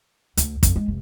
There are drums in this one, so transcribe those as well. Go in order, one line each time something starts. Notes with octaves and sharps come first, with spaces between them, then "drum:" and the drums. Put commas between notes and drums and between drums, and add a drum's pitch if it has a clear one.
D2, drum: hi-hat
F2, drum: kick, hi-hat
G#3
F1